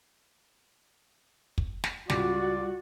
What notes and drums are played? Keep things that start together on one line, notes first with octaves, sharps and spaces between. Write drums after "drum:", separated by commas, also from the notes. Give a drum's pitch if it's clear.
drum: kick
drum: snare
C#2 G3 F4 F#4 D5, drum: snare